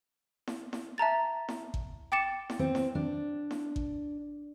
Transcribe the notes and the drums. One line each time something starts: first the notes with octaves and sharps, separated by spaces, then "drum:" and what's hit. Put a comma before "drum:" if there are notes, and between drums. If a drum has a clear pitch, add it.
drum: snare E4
drum: snare E4
E5 A5 A#5 A6
drum: snare E4
drum: kick G#1
G5 D6 A6 C#7 E7
drum: snare E4
C4
drum: snare E4
D4
drum: snare E4
drum: kick G#1